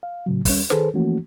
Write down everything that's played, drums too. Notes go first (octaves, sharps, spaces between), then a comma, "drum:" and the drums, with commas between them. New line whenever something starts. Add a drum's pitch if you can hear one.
F5
A2 C#3 F#3
D#2 G3 C#4, drum: kick, open hi-hat
D#3 G#4 A4 B4 C5, drum: snare
E3 F3 A3 A#3 C#4 F#4